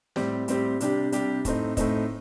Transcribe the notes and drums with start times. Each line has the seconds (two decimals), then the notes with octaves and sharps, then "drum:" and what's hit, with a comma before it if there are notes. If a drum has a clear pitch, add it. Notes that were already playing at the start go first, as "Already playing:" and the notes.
0.16 A2 G3 C4 G4, drum: snare
0.48 A2 G3 C4 G4, drum: hi-hat
0.80 C3 G3 D4 G4, drum: hi-hat
1.12 C3 G3 D4 G4, drum: hi-hat
1.45 A2 A3 C4 D#4, drum: kick, hi-hat
1.77 A2 A3 C4 D#4, drum: kick, hi-hat